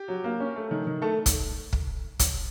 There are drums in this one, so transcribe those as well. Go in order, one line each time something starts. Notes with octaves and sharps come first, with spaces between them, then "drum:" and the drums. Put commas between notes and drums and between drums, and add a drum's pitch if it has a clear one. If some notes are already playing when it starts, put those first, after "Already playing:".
Already playing: G4
F#3
A#3
C#4
A3
D#3
D#3
A3 A4
drum: kick, hi-hat
drum: kick
drum: kick, hi-hat